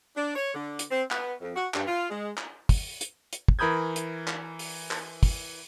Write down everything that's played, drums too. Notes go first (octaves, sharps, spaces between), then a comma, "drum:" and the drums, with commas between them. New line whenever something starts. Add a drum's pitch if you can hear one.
D4
C#5
D3
drum: hi-hat
C4
B3, drum: clap
F2
F#4
G2, drum: clap
F4
G#3
drum: clap
drum: kick, open hi-hat
drum: hi-hat
drum: hi-hat
drum: kick
E3 A#4 B5 D#6 G6 G#6
drum: hi-hat
drum: clap
drum: open hi-hat
drum: clap
drum: kick, open hi-hat